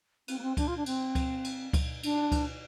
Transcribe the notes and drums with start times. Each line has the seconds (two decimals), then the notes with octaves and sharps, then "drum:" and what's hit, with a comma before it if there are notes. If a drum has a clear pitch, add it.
0.28 C4, drum: cymbal
0.38 A#3
0.42 C4
0.57 D4, drum: kick C#2, cymbal
0.67 F4
0.76 D4
0.86 C4, drum: cymbal
1.15 drum: kick C#2, cymbal
1.44 drum: cymbal
1.73 drum: kick C#2, cymbal
2.03 D4, drum: cymbal
2.32 drum: kick C#2, cymbal